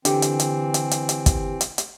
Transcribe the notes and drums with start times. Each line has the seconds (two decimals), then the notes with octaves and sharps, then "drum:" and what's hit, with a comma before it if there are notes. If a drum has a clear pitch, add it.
0.05 D3 E3 C4 G4, drum: hi-hat
0.22 drum: hi-hat
0.40 drum: hi-hat
0.74 drum: hi-hat
0.91 drum: hi-hat
1.09 drum: hi-hat
1.26 drum: kick, hi-hat
1.61 drum: hi-hat
1.78 drum: hi-hat